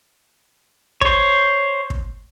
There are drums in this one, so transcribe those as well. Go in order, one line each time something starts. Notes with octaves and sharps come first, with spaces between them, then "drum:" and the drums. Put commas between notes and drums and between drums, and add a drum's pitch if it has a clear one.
C5 C#5, drum: kick
drum: kick